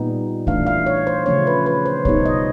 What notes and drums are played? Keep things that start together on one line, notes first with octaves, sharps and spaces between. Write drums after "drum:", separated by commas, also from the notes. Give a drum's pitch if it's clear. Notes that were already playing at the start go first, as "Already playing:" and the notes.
Already playing: A#2 G3 B3 D#4
E3 A3 D4 F5, drum: kick A#1
F5
C#5
C5
C#3 F3 A3 C#4 C#5
B4
B4
C5
B2 G3 B3 D#4 C#5, drum: kick A#1
D#5